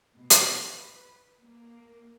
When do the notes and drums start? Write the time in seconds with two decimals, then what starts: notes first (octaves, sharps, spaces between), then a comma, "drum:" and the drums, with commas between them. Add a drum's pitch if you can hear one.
0.18 B2
0.30 drum: hi-hat
0.56 B4
1.42 A#3